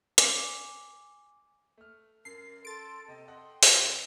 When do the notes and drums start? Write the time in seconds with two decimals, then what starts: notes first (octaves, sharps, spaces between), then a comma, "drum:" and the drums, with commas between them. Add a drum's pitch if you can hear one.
0.18 G#5 D6, drum: hi-hat
1.78 A3 F6
2.25 F#2 A#4 C7
2.65 A4 C6 A6 D7
3.08 C3 D#5 G5
3.28 A4 D#5 F#5 C6
3.63 C#2 F#2, drum: open hi-hat